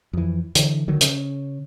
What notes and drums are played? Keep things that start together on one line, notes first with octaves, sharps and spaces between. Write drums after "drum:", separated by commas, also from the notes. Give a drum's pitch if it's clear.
F2 E3
D3 E3, drum: hi-hat
D3 D#3 F#3
C#3 C#4, drum: hi-hat